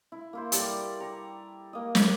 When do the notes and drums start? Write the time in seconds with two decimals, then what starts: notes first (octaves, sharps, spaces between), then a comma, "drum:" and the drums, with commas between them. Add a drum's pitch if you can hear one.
0.12 E4
0.33 A#3 E4 C5
0.52 G3 A4 D5 G5, drum: hi-hat
1.00 A#5 C#6
1.73 A#3 D#5
1.95 drum: snare